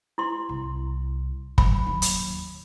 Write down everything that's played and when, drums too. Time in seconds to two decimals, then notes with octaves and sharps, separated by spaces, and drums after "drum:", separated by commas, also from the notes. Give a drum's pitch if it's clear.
0.18 E4 C6
0.49 C2
1.58 A1 F#3 B5, drum: kick
1.86 D#2 F#3
2.02 drum: hi-hat